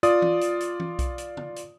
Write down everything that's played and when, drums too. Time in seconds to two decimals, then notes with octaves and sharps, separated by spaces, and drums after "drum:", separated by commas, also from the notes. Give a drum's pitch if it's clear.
0.03 F4 D5 D#6, drum: hi-hat
0.22 drum: tom E3
0.41 drum: hi-hat
0.60 drum: hi-hat
0.80 drum: tom E3
0.99 drum: kick B1, hi-hat
1.18 drum: hi-hat
1.37 drum: tom
1.56 drum: hi-hat